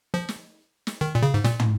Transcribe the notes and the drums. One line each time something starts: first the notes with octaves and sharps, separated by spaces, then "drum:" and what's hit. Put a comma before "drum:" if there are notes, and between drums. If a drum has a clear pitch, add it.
F3
drum: snare
drum: snare
D#3
A#2
C#3
G#2
A#2, drum: snare
drum: tom